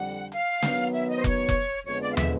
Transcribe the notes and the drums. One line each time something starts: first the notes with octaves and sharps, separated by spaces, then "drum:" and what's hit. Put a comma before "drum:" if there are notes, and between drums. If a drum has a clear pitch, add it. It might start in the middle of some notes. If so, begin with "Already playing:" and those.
Already playing: F2 D3 G3 F#5
F5, drum: hi-hat
D#3 F#3 B3, drum: snare
E5
D#5
C5
C#5, drum: kick F1
drum: kick F1
F2 D3 F3 G#3 B3 C#5
D5
F5
E5, drum: tom